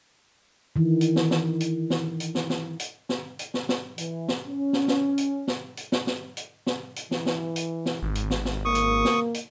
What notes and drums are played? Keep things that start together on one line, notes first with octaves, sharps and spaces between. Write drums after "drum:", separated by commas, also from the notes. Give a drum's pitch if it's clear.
D#3 E3
drum: hi-hat
drum: snare
drum: snare
drum: hi-hat
drum: snare
drum: hi-hat
drum: snare
drum: snare
drum: hi-hat
drum: snare
drum: hi-hat
drum: snare
drum: snare
E3, drum: hi-hat
drum: snare
C#4
drum: snare
drum: snare
drum: hi-hat
drum: snare
drum: hi-hat
drum: snare
drum: snare
drum: hi-hat
drum: snare
drum: hi-hat
E3, drum: snare
drum: snare
drum: hi-hat
drum: snare
G#1
drum: hi-hat
drum: snare
drum: snare
A#3 C#6 D#6
drum: hi-hat
drum: snare
drum: hi-hat